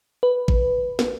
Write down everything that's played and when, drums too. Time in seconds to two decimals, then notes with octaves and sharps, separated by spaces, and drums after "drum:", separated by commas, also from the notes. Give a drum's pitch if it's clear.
0.23 B4
0.48 drum: kick G#1
0.99 drum: snare